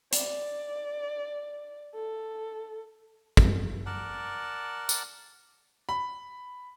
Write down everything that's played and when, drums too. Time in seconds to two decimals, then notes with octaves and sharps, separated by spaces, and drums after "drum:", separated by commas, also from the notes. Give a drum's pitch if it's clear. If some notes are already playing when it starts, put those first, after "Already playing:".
0.12 D5, drum: hi-hat
1.95 A4
3.37 drum: kick
3.86 A#4 D5 F#5 A5
4.89 drum: tambourine
5.89 B5